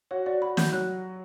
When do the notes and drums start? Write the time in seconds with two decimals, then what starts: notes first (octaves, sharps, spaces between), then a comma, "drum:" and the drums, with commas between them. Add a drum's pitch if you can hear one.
0.11 F#4 C#5
0.26 F#4 D5
0.42 F#4 B5
0.57 F#4 G6, drum: snare
0.72 F#3 F#6